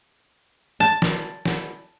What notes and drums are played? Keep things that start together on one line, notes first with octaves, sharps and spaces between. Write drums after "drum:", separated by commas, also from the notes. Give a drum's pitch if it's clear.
A5
drum: snare
drum: snare